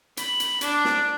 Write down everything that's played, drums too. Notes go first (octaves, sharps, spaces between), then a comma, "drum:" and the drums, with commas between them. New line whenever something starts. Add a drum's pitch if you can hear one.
B5, drum: hi-hat
drum: hi-hat
D4, drum: hi-hat
drum: snare